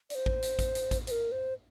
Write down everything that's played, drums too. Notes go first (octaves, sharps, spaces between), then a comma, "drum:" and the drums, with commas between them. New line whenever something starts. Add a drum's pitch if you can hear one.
D5, drum: hi-hat
C5
drum: kick A1
drum: hi-hat
drum: kick A1, hi-hat
drum: hi-hat
drum: kick A1, hi-hat
C5, drum: hi-hat
A#4
C5